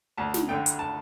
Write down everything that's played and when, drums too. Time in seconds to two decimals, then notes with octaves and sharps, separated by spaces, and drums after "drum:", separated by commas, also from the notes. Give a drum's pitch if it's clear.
0.17 D2 A5
0.34 drum: snare
0.48 D3 A3 G5
0.66 drum: hi-hat
0.79 A5